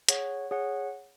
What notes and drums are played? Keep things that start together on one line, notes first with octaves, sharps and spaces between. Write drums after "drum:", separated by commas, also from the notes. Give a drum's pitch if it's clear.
G#4 C#5 F#5, drum: hi-hat
G#4 C#5 F#5